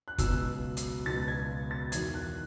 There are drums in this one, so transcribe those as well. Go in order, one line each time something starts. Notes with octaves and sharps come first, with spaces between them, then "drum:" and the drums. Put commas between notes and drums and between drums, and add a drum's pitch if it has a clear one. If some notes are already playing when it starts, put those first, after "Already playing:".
F#6
C#2 B2 F#3 E6, drum: kick, hi-hat
drum: hi-hat
C#2 B2 F#3 A6
G#6
A6
E2 D#3 F#3 G#6, drum: hi-hat
F#6